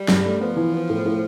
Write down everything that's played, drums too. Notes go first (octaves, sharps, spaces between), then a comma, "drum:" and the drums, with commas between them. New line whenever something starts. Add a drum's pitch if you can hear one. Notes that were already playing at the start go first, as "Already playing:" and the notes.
Already playing: G3
G2, drum: snare
A3
F3 B3
E3
B3
A2
A2